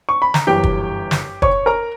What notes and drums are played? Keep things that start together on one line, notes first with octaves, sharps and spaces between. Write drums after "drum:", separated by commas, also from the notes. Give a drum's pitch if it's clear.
C#6
B5
A#5, drum: snare
G1 F#2 E3 G4 G5
drum: kick
drum: snare
C#5 C#6, drum: kick
A#4 A#5